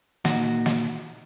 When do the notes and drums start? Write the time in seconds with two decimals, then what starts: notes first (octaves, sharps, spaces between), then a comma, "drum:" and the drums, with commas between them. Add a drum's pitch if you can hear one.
0.25 A#2 A#3 D#4 F#4 D#5 F#5, drum: snare
0.66 drum: snare